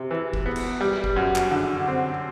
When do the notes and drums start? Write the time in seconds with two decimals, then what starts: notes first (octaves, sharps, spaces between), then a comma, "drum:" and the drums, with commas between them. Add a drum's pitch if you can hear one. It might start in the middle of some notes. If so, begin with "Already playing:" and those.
Already playing: C3
0.11 E3
0.34 drum: kick F#1
0.46 B3
0.56 drum: cymbal
0.81 G3
1.04 drum: kick F#1
1.16 F#2
1.36 drum: clap
1.51 D3
1.88 C4